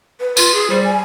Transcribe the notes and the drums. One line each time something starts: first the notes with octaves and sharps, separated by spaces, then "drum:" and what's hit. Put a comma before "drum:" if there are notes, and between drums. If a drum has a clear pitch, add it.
B4
F4, drum: tambourine
G#4
G3 C5
G#5